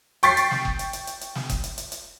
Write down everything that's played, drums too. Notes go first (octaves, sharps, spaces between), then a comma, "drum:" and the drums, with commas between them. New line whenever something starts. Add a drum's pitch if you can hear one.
G5 C#6 A6 B6 C7, drum: hi-hat
drum: hi-hat
drum: snare
drum: kick F#1
drum: hi-hat
drum: hi-hat
drum: hi-hat
drum: hi-hat
drum: snare
drum: kick F#1, hi-hat
drum: hi-hat
drum: hi-hat
drum: hi-hat